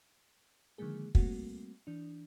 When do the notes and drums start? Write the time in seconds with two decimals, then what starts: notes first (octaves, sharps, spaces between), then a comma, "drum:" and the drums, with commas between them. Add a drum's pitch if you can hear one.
0.78 D3 D#3 F3 G#3 A#3 G#4
1.15 G3 A3 A#3 C4 F#4, drum: kick
1.87 E3 D4